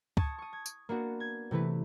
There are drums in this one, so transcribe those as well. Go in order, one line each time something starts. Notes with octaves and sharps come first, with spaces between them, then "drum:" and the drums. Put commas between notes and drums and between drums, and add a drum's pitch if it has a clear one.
A5 C#6 D#6 G#6, drum: kick C#2
C#6 D#6
G#6
drum: tambourine
A#3 B3 D4 F#4
G#6
C3 E3 A3 B4